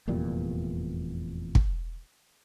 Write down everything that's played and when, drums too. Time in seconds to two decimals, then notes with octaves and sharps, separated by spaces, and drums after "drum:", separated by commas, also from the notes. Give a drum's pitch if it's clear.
0.08 F1 E2 A#2 G3
1.55 drum: kick